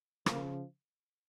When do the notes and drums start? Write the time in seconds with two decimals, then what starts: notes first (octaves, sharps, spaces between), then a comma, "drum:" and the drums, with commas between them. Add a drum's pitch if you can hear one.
0.26 C#3 F3 A#3, drum: rim click